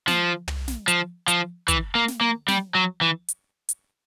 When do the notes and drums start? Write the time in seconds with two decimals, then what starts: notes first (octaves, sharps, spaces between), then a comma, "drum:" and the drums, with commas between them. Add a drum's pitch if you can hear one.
0.08 F3, drum: snare
0.48 drum: tom
0.68 drum: snare
0.88 F3, drum: hi-hat
1.28 F3, drum: hi-hat
1.68 E3, drum: kick, hi-hat
1.95 A#3
2.08 drum: snare
2.21 A#3
2.48 G3, drum: snare
2.75 F#3
3.01 E3
3.28 drum: hi-hat
3.69 drum: hi-hat